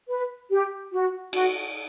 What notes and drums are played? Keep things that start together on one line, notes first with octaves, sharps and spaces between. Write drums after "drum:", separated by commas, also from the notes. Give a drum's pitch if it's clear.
B4
G4
F#4
F#4, drum: cymbal